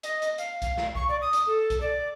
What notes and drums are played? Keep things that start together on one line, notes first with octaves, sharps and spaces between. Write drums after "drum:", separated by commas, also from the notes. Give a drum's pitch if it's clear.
D#5, drum: hi-hat
drum: hi-hat
F5, drum: hi-hat
F5, drum: kick C2, hi-hat
drum: snare
C#6, drum: kick C2
D5
D#6
drum: hi-hat
A4
drum: kick C2, hi-hat
D5